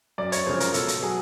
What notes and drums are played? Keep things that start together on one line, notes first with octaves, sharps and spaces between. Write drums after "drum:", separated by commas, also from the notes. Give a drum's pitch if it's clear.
F#2 D5
C#5, drum: hi-hat
C#3 F3 G#3 C5
A#4, drum: hi-hat
B2 A4, drum: hi-hat
drum: hi-hat
F#3 G#4